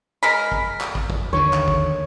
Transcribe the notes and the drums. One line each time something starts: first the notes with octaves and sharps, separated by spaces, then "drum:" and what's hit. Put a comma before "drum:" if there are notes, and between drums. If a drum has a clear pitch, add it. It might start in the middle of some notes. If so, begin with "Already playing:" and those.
G#3 A#4 B5
drum: kick
drum: clap
drum: kick
drum: kick
D#2 D3 D#3 C#5
drum: clap
drum: kick